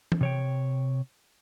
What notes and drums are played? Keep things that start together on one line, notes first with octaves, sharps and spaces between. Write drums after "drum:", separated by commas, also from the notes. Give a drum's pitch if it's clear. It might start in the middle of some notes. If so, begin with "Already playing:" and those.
drum: tom E3
C3 C#5 G5